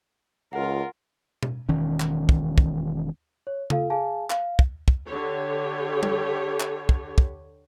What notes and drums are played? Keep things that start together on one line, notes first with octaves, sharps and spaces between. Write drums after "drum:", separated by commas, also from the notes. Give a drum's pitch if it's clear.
C#2 F4 A#4 F#5
drum: tom B2
E1 D#3 C#4
drum: clap
drum: kick
drum: kick
C#5
F4 A4 F5, drum: tom C#3
G#4 F5 G#5 A5
F5, drum: clap
drum: kick
drum: kick
D3 G4 C#5
drum: tom
drum: clap
drum: kick
drum: kick